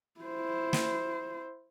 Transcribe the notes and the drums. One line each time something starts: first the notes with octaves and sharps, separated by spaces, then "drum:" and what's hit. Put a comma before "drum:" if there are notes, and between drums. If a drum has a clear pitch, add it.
E4 C5
drum: snare